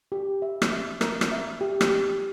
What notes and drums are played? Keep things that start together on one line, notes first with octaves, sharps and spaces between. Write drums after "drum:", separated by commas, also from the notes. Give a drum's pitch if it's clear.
G4
E5
drum: rim click
E5
A#4, drum: rim click
drum: rim click
E5
G4
drum: rim click
G4